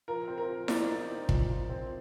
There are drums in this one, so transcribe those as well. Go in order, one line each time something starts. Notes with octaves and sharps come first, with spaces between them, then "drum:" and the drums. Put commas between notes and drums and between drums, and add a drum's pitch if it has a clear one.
F3 A#4
C4
A#4
F3
D#4 D5, drum: snare E4
D#4
C4
F3, drum: kick
F3
C4